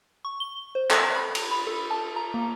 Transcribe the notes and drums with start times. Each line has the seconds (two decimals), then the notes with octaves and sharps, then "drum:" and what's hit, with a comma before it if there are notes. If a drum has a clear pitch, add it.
0.25 C#6
0.40 G7
0.75 C5
0.91 A4, drum: clap
1.15 B5
1.35 F7, drum: cymbal
1.51 B5
1.67 A4
1.91 A5
2.16 A#5
2.34 A#3